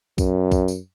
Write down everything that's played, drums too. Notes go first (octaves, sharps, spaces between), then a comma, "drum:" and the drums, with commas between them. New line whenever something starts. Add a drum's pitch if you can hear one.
F#2, drum: kick B1, tambourine
drum: kick B1, tambourine
drum: tambourine